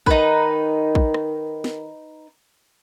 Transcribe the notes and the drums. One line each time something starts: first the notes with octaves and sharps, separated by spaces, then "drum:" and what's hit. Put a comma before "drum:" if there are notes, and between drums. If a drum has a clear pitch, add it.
D#3 D#4 B4, drum: kick
drum: kick
drum: rim click
drum: snare